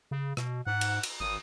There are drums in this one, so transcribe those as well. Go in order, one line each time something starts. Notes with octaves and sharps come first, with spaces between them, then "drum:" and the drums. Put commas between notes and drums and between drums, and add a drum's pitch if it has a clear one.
C#3
B2, drum: rim click
G#2 F#5
drum: cymbal
drum: cymbal
G#1 D#6